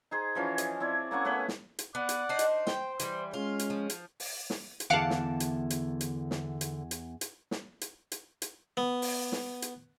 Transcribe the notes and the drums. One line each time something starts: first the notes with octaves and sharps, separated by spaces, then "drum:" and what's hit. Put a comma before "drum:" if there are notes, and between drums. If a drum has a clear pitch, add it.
D#4 G#4 C5
E3 F3 C#4
D#5, drum: hi-hat
C4 E4 C#5 D5
A#3 C#4 F#5 C#6
A3 B3 B4 C#5
drum: snare
drum: hi-hat
B3 D5 F#5
drum: hi-hat
D4 D#4 C5
drum: hi-hat
C5 G5, drum: snare
E3 G3, drum: hi-hat
G#3 C#4 F4
drum: hi-hat
F3
drum: hi-hat
drum: open hi-hat
drum: snare
drum: hi-hat
E2 D3 F5 F#5 A5 D6
drum: snare
drum: hi-hat
drum: hi-hat
drum: hi-hat
drum: snare
drum: hi-hat
drum: hi-hat
drum: hi-hat
drum: snare
drum: hi-hat
drum: hi-hat
drum: hi-hat
B3
drum: open hi-hat
drum: snare
drum: hi-hat